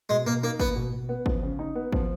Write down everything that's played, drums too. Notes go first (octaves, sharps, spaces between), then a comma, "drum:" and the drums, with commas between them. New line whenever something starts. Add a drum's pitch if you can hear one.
B2 G#3
B2 A#3
A#3 D#4
A#3 B3, drum: kick G#1
B2
B2
B3
F3, drum: kick G#1
C#3
D#4
B3
F3, drum: kick G#1